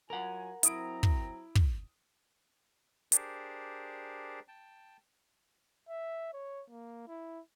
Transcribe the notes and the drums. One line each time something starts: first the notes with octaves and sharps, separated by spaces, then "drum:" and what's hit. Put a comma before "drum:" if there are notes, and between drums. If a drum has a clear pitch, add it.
F#3 F4 A#4 F#5 G#5
F#3 C4 E4 A#5 D#6 D7, drum: hi-hat
drum: kick
drum: kick
D4 G4 G#4 A#4 C5 D5, drum: hi-hat
G5 A5
E5
C#5
A#3
E4